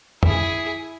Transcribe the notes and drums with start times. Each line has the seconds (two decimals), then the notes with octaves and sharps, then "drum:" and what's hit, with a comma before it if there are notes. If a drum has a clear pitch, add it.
0.23 E4 G#4, drum: tom